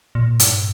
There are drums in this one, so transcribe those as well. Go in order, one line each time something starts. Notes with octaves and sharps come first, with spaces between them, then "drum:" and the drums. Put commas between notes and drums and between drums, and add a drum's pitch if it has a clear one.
A#2
G2, drum: hi-hat